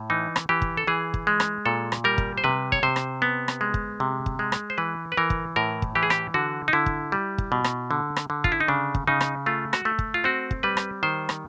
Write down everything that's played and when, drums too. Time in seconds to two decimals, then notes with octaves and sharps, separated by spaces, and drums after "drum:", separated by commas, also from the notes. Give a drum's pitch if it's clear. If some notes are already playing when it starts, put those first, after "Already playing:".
Already playing: A2
0.10 E3 D#4
0.36 drum: rim click
0.49 E3 G4
0.62 drum: kick
0.77 A4
0.87 E3 G#4
1.14 drum: kick
1.27 G#3
1.40 drum: rim click
1.66 A#2 A4
1.92 drum: rim click
2.04 G3 A#4
2.18 drum: kick
2.38 C5
2.44 C3 B4
2.72 C#5, drum: kick
2.83 C3 C5
2.96 drum: rim click
3.22 B3
3.48 drum: rim click
3.61 G#3
3.74 drum: kick
4.00 C3
4.26 drum: kick
4.39 G#3
4.52 drum: rim click
4.70 C5
4.78 E3 B4
5.12 B4
5.17 E3 A#4
5.30 drum: kick
5.56 A2 A#4
5.82 drum: kick
5.95 E3 G4
6.03 G#4
6.10 G4, drum: rim click
6.34 D3 F#4
6.68 D#4
6.73 D3 E4
6.86 drum: kick
7.12 G3
7.38 drum: kick
7.52 B2
7.64 drum: rim click
7.91 D3
8.16 drum: rim click
8.30 D3
8.44 F4, drum: kick
8.52 E4
8.60 D#4
8.68 C#3 D4
8.95 drum: kick
9.07 C#3 D#4
9.21 drum: rim click
9.46 A3 F4
9.73 F#4, drum: rim click
9.85 A3
9.99 drum: kick
10.14 F4
10.24 C4 F#4
10.51 drum: kick
10.63 G3 B4
10.77 drum: rim click
11.03 D#3 C5
11.29 drum: rim click